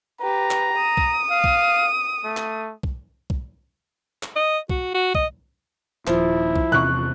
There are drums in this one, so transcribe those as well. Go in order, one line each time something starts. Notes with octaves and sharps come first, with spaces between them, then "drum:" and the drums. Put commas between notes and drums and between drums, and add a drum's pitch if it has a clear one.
G4 B4 A#5
drum: clap
D#6
drum: kick
F5
drum: kick
A3
drum: clap
drum: kick
drum: kick
drum: clap
D#5
F#4, drum: kick
F#4
D#5, drum: kick
D#1 F3 E4, drum: clap
drum: kick
E2 C3 E3 C#6 F#6